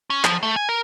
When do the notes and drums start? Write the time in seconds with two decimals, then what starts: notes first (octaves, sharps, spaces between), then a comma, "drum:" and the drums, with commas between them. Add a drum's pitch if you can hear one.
0.10 C#4
0.24 F3, drum: clap
0.43 A3
0.56 G#5
0.69 A#4